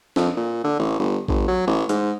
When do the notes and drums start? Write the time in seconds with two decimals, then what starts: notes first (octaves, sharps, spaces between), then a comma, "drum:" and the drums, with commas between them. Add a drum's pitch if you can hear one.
0.16 F2, drum: snare
0.37 A#2
0.64 D3
0.79 A1
1.00 G1
1.28 G1, drum: kick A#1
1.48 F#3
1.67 A1
1.89 G#2, drum: hi-hat